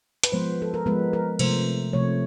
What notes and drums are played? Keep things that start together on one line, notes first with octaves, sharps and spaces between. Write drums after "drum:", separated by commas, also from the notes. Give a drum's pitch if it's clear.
B4, drum: hi-hat
F3 G#3 B3 C5
A4
A#4
F3 G#3 B3 B4
A#4
C3 F3 A3 C5, drum: cymbal
C3 F3 A3 C#5